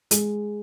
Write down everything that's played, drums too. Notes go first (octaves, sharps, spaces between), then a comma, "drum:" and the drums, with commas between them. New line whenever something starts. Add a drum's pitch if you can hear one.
G#3, drum: hi-hat